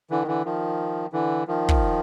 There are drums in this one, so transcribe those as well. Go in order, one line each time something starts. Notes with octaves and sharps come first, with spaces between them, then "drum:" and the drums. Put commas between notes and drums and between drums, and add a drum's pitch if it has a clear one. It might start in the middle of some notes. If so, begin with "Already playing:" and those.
D3 E3
D#3
D3 E3
D#3 F3
D3 E3
D#3 F3
drum: kick